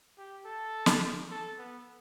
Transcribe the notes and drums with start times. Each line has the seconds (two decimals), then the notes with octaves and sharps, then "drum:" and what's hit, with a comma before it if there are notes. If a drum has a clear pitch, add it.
0.18 G4
0.45 A4
0.86 drum: snare
1.31 A4
1.59 B3